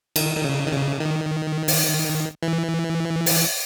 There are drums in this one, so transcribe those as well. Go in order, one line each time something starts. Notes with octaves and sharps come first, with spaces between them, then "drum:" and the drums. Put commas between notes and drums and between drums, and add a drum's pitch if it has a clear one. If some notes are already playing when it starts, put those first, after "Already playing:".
D#3, drum: cymbal
D#3
C#3
D#3
C#3
D#3
drum: open hi-hat
E3
drum: open hi-hat